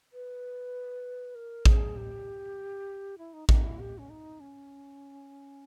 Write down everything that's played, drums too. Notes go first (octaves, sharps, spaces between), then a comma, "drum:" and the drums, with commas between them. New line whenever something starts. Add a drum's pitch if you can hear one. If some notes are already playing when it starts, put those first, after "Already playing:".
B4
A#4
G#4, drum: kick A1
G4
E4
D#4
D#4, drum: kick A1
E4
G4
C#4
D#4
C#4